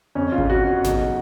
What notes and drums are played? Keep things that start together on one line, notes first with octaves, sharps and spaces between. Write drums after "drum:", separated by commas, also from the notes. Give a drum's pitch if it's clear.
F2 C#4
F4
C#3, drum: kick G#1
F#4
C#3
F#4
B1, drum: snare G#1